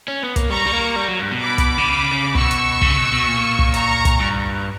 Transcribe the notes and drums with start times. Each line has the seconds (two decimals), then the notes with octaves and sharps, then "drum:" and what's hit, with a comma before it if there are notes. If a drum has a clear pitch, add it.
0.08 C#4
0.22 B3
0.36 A#3, drum: kick, hi-hat
0.49 G3 A#5 C#6
0.66 G3
0.73 A#3
0.96 G3
1.08 F#3
1.19 G2
1.31 B2
1.43 B5 D6
1.58 drum: kick, hi-hat
1.78 D3
1.89 C#3
2.12 C#3
2.35 B2 C#6 E6, drum: kick
2.51 drum: hi-hat
2.82 C#3, drum: kick
2.97 B2
3.12 B2
3.28 A#2
3.59 drum: kick
3.74 A#5 C#6, drum: hi-hat
4.05 drum: kick, hi-hat
4.20 G2